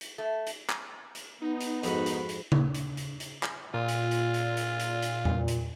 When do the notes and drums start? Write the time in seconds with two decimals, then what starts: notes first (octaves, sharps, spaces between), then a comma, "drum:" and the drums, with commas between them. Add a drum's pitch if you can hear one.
0.01 drum: hi-hat
0.18 A3
0.47 drum: hi-hat
0.69 drum: clap
1.15 drum: hi-hat
1.42 B3 D#4
1.61 drum: hi-hat
1.83 F2 G#2 F#4 B5, drum: hi-hat
2.06 drum: hi-hat
2.29 drum: hi-hat
2.52 drum: tom C#3
2.75 drum: hi-hat
2.97 drum: hi-hat
3.20 drum: hi-hat
3.43 drum: clap
3.74 A#2 F4
3.88 drum: hi-hat
4.11 drum: hi-hat
4.34 drum: hi-hat
4.57 drum: hi-hat
4.80 drum: hi-hat
5.02 drum: hi-hat
5.25 drum: tom E2
5.48 drum: hi-hat